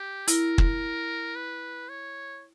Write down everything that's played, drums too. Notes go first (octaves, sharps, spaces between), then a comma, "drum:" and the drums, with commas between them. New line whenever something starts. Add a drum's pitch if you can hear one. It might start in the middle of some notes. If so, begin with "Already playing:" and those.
Already playing: G4
E4 A#4, drum: hi-hat
drum: kick
B4
C#5